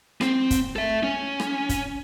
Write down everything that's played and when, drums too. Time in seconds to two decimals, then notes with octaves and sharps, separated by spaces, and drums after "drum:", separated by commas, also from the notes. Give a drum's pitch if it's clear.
0.21 C4, drum: rim click
0.51 drum: kick, hi-hat
0.76 A4 E5
1.03 C#4
1.40 drum: rim click
1.69 drum: kick, hi-hat